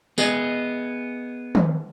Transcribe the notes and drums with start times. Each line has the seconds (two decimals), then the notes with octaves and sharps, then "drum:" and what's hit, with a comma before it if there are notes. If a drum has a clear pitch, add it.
0.18 B3 G#4 D#5, drum: tambourine
1.55 drum: tom